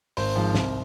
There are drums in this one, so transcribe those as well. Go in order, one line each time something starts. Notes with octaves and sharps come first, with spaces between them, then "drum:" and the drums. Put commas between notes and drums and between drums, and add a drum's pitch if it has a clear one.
G#1 C5, drum: open hi-hat
G#2 F3
C2, drum: snare